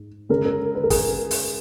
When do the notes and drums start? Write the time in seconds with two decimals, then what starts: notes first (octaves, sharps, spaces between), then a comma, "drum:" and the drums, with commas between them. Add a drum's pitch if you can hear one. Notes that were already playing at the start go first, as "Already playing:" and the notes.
Already playing: G#2
0.29 C#3 G#3 C#4 A#4
0.45 A#4
0.75 B4
0.84 A#4
0.90 G#4, drum: kick, open hi-hat
1.31 drum: open hi-hat